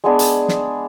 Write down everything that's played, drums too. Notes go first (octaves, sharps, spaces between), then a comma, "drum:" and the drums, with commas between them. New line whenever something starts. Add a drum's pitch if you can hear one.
G#3 B3 D4 G#4
drum: hi-hat
drum: snare